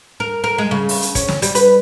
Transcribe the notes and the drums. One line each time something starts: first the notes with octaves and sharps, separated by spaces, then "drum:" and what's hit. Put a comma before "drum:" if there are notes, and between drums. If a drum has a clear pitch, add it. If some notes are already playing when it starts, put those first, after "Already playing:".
A#4
A#4
G#3
C#3
drum: open hi-hat
drum: hi-hat
C#4, drum: kick, hi-hat
drum: snare
G3, drum: hi-hat
B4, drum: hi-hat